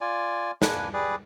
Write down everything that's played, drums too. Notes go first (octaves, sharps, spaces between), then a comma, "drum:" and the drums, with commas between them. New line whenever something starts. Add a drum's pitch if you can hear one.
F4 D5 G#5
A#3 D4 B4 G#5, drum: snare
G3 G#4 B4 D5